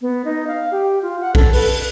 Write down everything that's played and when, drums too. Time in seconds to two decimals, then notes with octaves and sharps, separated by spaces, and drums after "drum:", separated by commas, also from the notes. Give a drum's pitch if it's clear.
0.01 B3
0.25 D#4
0.47 F5
0.71 G4
1.02 F4
1.21 F#5
1.35 A4, drum: kick A#1
1.53 B4, drum: open hi-hat